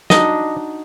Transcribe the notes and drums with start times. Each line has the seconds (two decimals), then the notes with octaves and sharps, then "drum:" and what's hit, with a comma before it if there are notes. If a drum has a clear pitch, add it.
0.10 D4 D#4 F#4 D#5, drum: snare